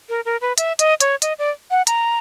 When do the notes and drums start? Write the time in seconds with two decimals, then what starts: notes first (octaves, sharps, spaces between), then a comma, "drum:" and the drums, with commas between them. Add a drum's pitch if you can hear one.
0.09 A#4
0.25 A#4
0.41 B4
0.58 E5, drum: hi-hat
0.79 D#5, drum: hi-hat
1.00 C#5, drum: hi-hat
1.22 D#5, drum: hi-hat
1.39 D5
1.71 F#5
1.87 A#5, drum: hi-hat